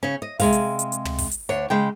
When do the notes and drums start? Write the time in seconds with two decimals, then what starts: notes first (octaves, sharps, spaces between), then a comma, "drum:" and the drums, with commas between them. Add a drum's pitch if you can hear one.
0.03 C#3 C#4
0.22 D#5
0.40 C3 G#3 F5, drum: kick, open hi-hat
0.53 drum: hi-hat
0.79 drum: hi-hat
0.92 drum: hi-hat
1.05 drum: tom
1.18 drum: kick, open hi-hat
1.32 drum: hi-hat
1.49 D2 D4 C#5
1.70 C#3 G#3 G5